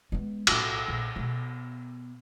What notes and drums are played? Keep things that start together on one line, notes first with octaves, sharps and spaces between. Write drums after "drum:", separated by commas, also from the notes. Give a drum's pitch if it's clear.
G#3 B3
B1 A2, drum: cymbal
A#1
B2 B3